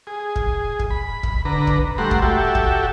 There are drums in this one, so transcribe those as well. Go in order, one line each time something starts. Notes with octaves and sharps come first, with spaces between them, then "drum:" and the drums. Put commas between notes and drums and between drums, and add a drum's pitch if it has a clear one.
G#4
drum: kick
drum: kick
B5
drum: kick
D3 B4 A#5
drum: kick
G3 A3 F#5 A#5 C6
drum: kick
F#4 G4 A4 E5
drum: kick